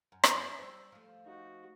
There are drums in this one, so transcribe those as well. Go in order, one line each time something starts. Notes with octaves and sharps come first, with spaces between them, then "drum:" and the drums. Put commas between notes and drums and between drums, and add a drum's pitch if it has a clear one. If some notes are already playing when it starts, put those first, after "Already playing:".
F#2
drum: rim click
G3 D4 C5 E6
F3 A3
D#4 F#4